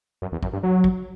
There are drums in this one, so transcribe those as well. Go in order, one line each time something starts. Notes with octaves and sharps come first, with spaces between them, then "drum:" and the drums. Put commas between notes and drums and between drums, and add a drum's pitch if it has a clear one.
F#2
E2
F#2, drum: kick
G2
F#3
drum: kick